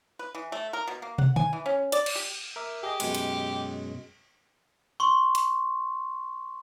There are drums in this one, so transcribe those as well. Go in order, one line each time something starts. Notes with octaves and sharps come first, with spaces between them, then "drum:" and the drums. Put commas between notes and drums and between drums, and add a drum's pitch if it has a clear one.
B4
E3
A3
A#4
B2
A#3
F#5, drum: tom
G#5, drum: tom D3
E3
C#4
D5, drum: hi-hat
drum: cymbal
G4
A#4 E5 D6
G4 G#4 D#5
F#2 B2 G#3, drum: cymbal
drum: hi-hat
C6 C#6
drum: hi-hat